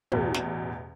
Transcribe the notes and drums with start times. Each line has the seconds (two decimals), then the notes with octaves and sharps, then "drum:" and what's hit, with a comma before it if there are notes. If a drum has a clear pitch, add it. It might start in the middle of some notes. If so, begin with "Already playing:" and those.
0.12 A1 E2 B2, drum: tom
0.34 drum: snare